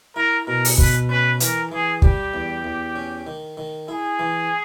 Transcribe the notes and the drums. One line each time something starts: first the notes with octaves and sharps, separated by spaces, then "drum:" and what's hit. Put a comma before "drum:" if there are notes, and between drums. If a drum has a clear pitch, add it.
E4 A#4
B2 A#4
drum: open hi-hat
B2 B4, drum: kick
C#4 B4
E3 A#4, drum: hi-hat
E3 G#4
G3 G4, drum: kick
E2
E2
C#4
D#3
D#3
E4 G#4
E3